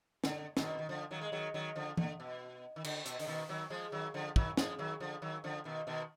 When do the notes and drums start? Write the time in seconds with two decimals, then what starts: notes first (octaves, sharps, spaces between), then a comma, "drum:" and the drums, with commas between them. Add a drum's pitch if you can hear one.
0.24 D3, drum: snare
0.57 B2 D#3, drum: snare
0.79 D#3
0.89 D3 F3
1.11 D#3 F#3
1.21 G#3
1.32 D#3 F#3
1.54 D#3 F#3
1.75 D3 F3
1.97 D3, drum: tom
2.20 B2
2.76 D#3
2.84 D3, drum: cymbal
3.05 B2, drum: hi-hat
3.19 D3, drum: open hi-hat
3.27 B2 D#3
3.49 D#3 F#3
3.70 F3 G#3
3.92 D#3 F#3
4.14 D3 F3
4.36 D#3 F#3, drum: kick
4.57 F3 G#3, drum: snare
4.79 D#3 F#3
5.00 D3 F3
5.22 D#3 F#3
5.44 D3 F3
5.65 B2 D#3
5.87 B2 D#3